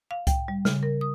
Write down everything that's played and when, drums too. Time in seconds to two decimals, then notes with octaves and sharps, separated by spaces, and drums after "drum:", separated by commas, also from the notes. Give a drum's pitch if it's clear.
0.11 F5
0.27 G5, drum: kick C2, hi-hat
0.48 G3
0.65 C#3, drum: snare
0.83 A#4
1.01 D#6